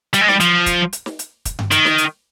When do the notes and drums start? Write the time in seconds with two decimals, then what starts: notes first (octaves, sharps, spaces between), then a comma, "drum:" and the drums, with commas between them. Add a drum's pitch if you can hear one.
0.13 G3, drum: hi-hat
0.21 G#3
0.28 G3, drum: snare
0.40 F3, drum: hi-hat
0.66 drum: kick, hi-hat
0.93 drum: hi-hat
1.06 drum: snare
1.19 drum: hi-hat
1.45 drum: kick, hi-hat
1.59 drum: tom G2
1.71 D#3, drum: hi-hat
1.85 drum: snare
1.98 drum: hi-hat